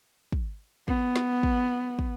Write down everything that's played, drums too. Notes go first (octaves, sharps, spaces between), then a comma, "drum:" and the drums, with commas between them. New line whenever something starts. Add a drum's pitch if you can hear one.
drum: kick
B3, drum: kick
drum: snare
drum: kick
drum: kick